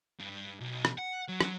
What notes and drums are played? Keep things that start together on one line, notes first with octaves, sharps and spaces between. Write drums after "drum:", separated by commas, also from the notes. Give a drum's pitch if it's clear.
G2
B1
drum: rim click
F#5
F#3
drum: rim click